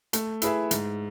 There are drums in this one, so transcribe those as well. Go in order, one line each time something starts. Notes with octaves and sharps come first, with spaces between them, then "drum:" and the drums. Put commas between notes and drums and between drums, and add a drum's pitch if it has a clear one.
A3, drum: hi-hat
E4 G#4 B4 E5, drum: hi-hat
G#2, drum: hi-hat